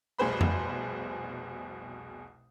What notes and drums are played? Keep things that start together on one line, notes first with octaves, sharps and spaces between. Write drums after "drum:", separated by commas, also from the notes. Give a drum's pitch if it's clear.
F1 C2 B2 G#4 C5 B5
drum: tom F2